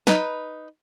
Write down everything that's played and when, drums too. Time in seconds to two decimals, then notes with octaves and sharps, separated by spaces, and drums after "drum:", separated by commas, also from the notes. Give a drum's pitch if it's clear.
0.07 D#4 B4, drum: snare